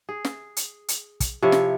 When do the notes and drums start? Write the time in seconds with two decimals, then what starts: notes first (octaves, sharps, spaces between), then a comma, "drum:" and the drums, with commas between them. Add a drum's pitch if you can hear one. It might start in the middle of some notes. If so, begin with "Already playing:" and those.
0.09 G#4
0.25 drum: snare
0.57 drum: hi-hat
0.88 drum: hi-hat
1.20 drum: kick, hi-hat
1.42 C3 F3 E4 C#5
1.52 drum: snare